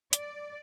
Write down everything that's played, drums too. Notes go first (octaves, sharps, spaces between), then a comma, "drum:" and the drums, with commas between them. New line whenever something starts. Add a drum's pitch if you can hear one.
D5, drum: hi-hat